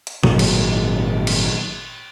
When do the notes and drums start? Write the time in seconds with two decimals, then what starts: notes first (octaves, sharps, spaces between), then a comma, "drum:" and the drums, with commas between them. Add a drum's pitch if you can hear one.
0.07 drum: hi-hat
0.23 G#1 C#2 A#2 F#3, drum: tom B2
0.39 drum: cymbal
1.27 drum: cymbal